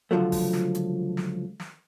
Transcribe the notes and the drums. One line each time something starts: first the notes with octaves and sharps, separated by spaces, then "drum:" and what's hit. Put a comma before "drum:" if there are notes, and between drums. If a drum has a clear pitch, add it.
C#2 D3 F3 F#3 A3
drum: kick, open hi-hat
drum: snare
drum: hi-hat
drum: snare
drum: snare